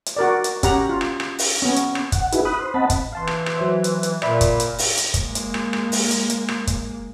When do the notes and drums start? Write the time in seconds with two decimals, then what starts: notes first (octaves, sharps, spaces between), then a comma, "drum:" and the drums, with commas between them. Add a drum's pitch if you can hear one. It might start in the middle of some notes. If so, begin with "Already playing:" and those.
0.06 drum: hi-hat
0.16 F#4 A#4 D5
0.44 drum: hi-hat
0.63 C#4 G4 F#5 A#5, drum: kick, hi-hat
0.89 F4
1.01 drum: rim click
1.20 drum: rim click
1.39 drum: open hi-hat
1.62 B3 C#4
1.76 drum: hi-hat
1.95 drum: rim click
2.12 F#5, drum: kick, hi-hat
2.32 D#4 E4 F#4 G#4 B4, drum: hi-hat
2.45 B5 D#6 F#6
2.59 C5
2.74 C4 D#5 F#5 A5 B5
2.90 drum: kick, hi-hat
3.13 E3 F5 A5 C6
3.27 drum: rim click
3.46 drum: rim click
3.57 F#3 C5 E5
3.84 drum: hi-hat
4.03 drum: hi-hat
4.22 A#2 D5 E5 B5, drum: rim click
4.41 drum: kick, hi-hat
4.60 drum: hi-hat
4.78 drum: open hi-hat
4.97 drum: hi-hat
5.14 G#3 A#3, drum: kick, hi-hat
5.35 drum: hi-hat
5.54 drum: rim click
5.73 drum: rim click
5.92 drum: open hi-hat
6.11 drum: hi-hat
6.30 drum: hi-hat
6.48 drum: rim click
6.67 drum: kick, hi-hat